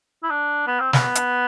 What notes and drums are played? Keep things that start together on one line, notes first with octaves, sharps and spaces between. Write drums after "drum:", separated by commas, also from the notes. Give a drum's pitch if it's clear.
E4
D4
B3
C4
B3, drum: snare
drum: hi-hat